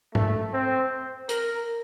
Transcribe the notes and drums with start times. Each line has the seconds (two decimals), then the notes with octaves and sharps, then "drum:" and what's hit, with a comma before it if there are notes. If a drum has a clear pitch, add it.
0.15 A3, drum: tom G#2
0.53 C4
1.29 A#4, drum: hi-hat